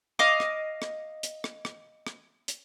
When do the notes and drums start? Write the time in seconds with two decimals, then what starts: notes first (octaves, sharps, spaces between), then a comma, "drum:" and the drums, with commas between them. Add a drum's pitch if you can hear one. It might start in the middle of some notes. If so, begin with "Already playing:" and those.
0.19 D#5 F5 D6, drum: rim click
0.40 drum: rim click
0.82 drum: rim click
1.23 drum: hi-hat
1.44 drum: rim click
1.65 drum: rim click
2.07 drum: rim click
2.48 drum: hi-hat